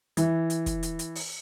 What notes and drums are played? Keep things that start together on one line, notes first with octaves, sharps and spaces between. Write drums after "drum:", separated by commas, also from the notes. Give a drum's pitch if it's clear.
E3, drum: hi-hat
drum: hi-hat
drum: kick, hi-hat
drum: hi-hat
drum: hi-hat
drum: open hi-hat